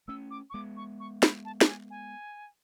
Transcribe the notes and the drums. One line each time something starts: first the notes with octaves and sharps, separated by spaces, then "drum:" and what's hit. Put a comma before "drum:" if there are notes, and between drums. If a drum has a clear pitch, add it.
A3 C#4 E6
D6
C#6
G#3 B3 D6
C#6
C#6
B5, drum: snare
A5
A5, drum: snare
G#5
G#5